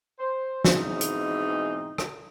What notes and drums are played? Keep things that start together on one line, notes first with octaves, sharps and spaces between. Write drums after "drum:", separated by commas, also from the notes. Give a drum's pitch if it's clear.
C5
G#2 B2 E3 G#3 C4 D#4, drum: snare
drum: hi-hat
drum: rim click